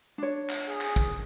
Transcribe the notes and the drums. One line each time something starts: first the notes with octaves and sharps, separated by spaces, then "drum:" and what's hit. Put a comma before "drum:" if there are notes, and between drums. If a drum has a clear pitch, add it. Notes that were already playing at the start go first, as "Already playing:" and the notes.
D4 C#5
drum: clap
G#4
drum: clap
drum: kick